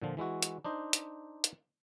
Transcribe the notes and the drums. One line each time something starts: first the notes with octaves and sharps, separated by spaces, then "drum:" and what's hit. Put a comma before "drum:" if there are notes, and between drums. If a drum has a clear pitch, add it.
A#2 D3 F3
E3 G#3 E4 F#4
drum: hi-hat
D4 D#4 C5 D#5
drum: hi-hat
drum: hi-hat